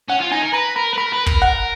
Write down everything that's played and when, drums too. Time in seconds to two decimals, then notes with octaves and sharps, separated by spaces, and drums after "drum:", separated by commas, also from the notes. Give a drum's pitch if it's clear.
0.09 C#4 F#5
0.21 F4
0.32 D#4 G#5
0.42 A#4
0.53 B4 A#5
0.76 A#4 B5
0.93 B4
0.97 A#4 B5
1.13 B4
1.26 A#4, drum: kick
1.42 F#5